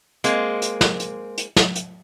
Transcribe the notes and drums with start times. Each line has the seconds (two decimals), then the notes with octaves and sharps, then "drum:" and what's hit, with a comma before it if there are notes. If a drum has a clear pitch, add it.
0.24 G#3 A#3 C4, drum: hi-hat
0.62 drum: hi-hat
0.81 drum: snare
1.00 drum: hi-hat
1.38 drum: hi-hat
1.56 drum: snare
1.75 drum: hi-hat